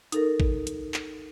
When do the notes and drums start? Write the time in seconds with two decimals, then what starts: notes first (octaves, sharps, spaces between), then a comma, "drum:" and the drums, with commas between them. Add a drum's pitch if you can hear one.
0.12 D#4 A4 A#4, drum: hi-hat
0.40 drum: kick
0.67 drum: hi-hat
0.94 drum: clap